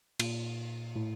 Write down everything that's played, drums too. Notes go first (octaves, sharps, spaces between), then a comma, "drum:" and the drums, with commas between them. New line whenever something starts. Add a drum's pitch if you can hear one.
A#2, drum: cymbal
A2